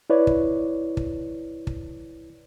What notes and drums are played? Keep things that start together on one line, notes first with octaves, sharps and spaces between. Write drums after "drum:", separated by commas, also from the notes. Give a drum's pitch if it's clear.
E4 B4 C#5 D5
drum: kick
drum: kick
drum: kick